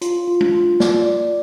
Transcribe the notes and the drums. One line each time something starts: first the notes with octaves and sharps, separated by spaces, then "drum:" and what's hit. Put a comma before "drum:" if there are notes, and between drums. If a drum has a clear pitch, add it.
F4, drum: hi-hat
F4
drum: tom
F4
D5, drum: snare
D5